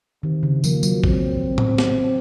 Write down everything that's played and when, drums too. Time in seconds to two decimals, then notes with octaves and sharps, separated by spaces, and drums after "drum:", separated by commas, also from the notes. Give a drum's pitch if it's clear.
0.23 C3 D#3
0.43 C#3
0.64 F3 A#3, drum: tambourine
0.83 F#3, drum: tambourine
1.04 C4, drum: kick A#1
1.58 drum: tom A2
1.78 drum: snare